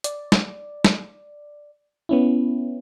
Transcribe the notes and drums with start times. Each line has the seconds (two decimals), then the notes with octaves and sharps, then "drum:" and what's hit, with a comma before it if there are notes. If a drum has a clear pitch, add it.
0.04 D5, drum: hi-hat
0.32 drum: snare
0.84 drum: snare
2.09 B3 C#4 E4